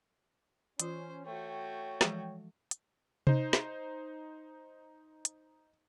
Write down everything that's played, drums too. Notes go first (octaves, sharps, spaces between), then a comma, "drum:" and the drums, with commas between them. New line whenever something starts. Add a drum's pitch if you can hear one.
E3 C#4 F4 C5, drum: hi-hat
A3 F#4 C#5 G5
E3 F3 G#3, drum: snare
drum: hi-hat
D#4 C5, drum: tom C3
drum: snare
drum: hi-hat